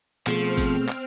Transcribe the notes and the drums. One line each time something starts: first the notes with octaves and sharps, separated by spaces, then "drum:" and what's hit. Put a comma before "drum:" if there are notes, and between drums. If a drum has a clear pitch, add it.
B2 F3 A3 C4 G#4 F6, drum: clap
drum: kick, open hi-hat
drum: clap